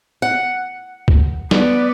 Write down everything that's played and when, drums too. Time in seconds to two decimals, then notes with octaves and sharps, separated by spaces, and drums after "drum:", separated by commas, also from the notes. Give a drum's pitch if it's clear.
0.22 F#5
1.08 drum: kick C#2
1.51 B3 D5, drum: snare